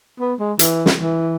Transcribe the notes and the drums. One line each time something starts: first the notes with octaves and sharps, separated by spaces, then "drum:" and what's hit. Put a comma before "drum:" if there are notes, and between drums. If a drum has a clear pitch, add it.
B3
G#3
E3, drum: hi-hat
drum: snare
E3